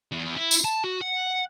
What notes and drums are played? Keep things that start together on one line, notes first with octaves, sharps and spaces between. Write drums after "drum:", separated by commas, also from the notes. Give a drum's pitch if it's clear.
E2
E4
drum: tambourine
A5
F#4
F#5